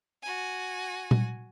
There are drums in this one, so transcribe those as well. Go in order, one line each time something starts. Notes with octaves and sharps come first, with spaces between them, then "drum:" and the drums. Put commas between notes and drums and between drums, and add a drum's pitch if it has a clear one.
F#4 G#5
drum: tom A#2